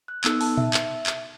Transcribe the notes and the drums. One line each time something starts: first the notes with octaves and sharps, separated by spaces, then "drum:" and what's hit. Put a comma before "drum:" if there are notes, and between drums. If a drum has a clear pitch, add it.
F#6
B3 D#4 A4 E6, drum: clap
A5, drum: open hi-hat
E5, drum: tom A#2
E5, drum: clap
drum: clap